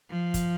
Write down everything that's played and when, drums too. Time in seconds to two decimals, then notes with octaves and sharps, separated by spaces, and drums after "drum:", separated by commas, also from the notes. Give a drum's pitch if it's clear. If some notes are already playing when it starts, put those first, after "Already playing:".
0.10 F3
0.34 drum: kick, hi-hat